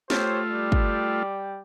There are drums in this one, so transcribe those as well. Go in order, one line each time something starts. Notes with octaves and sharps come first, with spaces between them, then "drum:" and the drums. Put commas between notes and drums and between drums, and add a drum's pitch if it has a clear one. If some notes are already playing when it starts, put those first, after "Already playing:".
A3 F4 G4 C5 C#5, drum: snare
G3 D5 G5
drum: kick